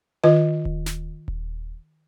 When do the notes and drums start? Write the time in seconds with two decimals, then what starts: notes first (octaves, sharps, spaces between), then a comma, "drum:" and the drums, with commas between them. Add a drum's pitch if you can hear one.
0.24 D#3 F4 B4 D#5
0.65 drum: kick D#1
0.86 drum: snare
1.28 drum: kick D#1